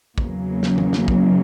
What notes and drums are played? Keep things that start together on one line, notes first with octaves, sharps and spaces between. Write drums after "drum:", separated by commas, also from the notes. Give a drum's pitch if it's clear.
E2 C#3 F#3 A#3, drum: kick
drum: snare
drum: tom D#3
drum: snare
drum: kick